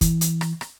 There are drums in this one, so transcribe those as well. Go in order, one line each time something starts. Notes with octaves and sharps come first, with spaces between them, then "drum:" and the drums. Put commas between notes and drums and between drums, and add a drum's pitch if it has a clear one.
E3, drum: kick, hi-hat
drum: hi-hat
drum: rim click
drum: rim click